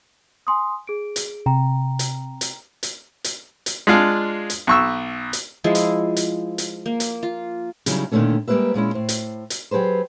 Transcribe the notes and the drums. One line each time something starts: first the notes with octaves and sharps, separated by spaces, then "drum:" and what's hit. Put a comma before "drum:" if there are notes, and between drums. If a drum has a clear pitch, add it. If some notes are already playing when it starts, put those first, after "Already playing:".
G#5 C6 D#6
G#4 D7
drum: hi-hat
C3 G5 A#5
drum: hi-hat
drum: hi-hat
drum: hi-hat
drum: hi-hat
drum: hi-hat
G#3 D4 F4 F5
drum: hi-hat
B1 C#6 E6
drum: hi-hat
F3 G#3 E4
drum: hi-hat
drum: hi-hat
drum: hi-hat
A#3
drum: hi-hat
F4
C#3 F#3 G3 D#4 E4, drum: hi-hat
A#2 D3 D#3 F#3 A3 C#4
G3 G#3 A#3 F4 B4 E5
A#2 G#3 C#4 E4
A2 C5
drum: hi-hat
drum: hi-hat
F#3 G4 G#4 B4 C5